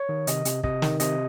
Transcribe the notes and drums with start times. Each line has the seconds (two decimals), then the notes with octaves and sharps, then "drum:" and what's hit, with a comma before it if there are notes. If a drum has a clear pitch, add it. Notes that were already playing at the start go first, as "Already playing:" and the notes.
Already playing: C#5
0.09 D#3
0.27 C3 D#5, drum: hi-hat
0.45 C3, drum: hi-hat
0.63 C3 D#5, drum: kick
0.82 D#3, drum: snare
1.00 C3 D#5, drum: hi-hat